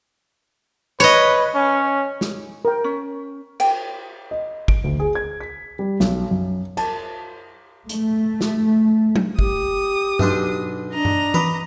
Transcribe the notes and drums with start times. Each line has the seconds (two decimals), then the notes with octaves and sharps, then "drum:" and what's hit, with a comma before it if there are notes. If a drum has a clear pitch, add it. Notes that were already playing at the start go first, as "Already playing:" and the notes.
1.00 B4 C#5 D#5
1.55 C#4
2.21 drum: snare
2.65 A#4 G5
2.84 C#4
3.60 G5, drum: cymbal
4.31 D#5
4.68 D7, drum: kick
4.84 D2
5.00 G#4
5.15 G#6
5.41 B6
5.79 G3
6.00 B1, drum: snare
6.31 F#2
6.77 A5, drum: cymbal
7.89 A3, drum: hi-hat
8.41 drum: snare
9.16 drum: tom F#3
9.39 G4 D#6, drum: kick
10.19 B1 D4 C6, drum: tom G2
10.93 D4 D#5 A#5
11.05 drum: tom G2
11.34 B4 D6 D#6, drum: tom E3